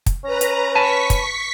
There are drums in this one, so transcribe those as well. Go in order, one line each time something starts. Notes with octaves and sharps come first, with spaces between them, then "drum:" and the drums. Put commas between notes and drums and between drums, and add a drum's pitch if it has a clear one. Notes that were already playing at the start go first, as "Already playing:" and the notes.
drum: kick, hi-hat
C#4 B4 A#5
drum: hi-hat
B4 G#5 A5 C#6 B6
drum: kick, hi-hat